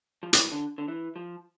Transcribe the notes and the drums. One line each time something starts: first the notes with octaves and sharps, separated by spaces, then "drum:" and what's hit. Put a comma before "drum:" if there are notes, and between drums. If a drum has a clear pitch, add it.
F3
E3, drum: hi-hat
D3
D3
E3
F3